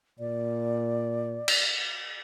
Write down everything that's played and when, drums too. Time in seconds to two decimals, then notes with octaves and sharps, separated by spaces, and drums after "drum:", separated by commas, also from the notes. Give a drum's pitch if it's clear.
0.19 A#2 D5
1.48 drum: cymbal